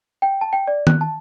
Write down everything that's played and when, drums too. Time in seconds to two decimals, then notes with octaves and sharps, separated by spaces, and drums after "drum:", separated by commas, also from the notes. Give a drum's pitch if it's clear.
0.22 G5
0.41 A5
0.53 G5
0.67 D5
0.87 F#6, drum: tom D#3
1.01 A5